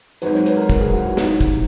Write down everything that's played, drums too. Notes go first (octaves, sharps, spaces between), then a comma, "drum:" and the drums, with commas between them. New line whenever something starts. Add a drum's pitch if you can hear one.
G#1 G#2 D#3 F#3 B4, drum: hi-hat
C#5
B4, drum: hi-hat
A#4
A#4, drum: kick, hi-hat
G#4
F#4
E4
D#4, drum: snare
drum: kick, hi-hat